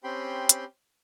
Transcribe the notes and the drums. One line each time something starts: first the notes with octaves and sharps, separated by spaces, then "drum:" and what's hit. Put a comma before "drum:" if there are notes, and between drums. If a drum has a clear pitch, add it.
C4 C#4 G4 G5 B5 C6
drum: hi-hat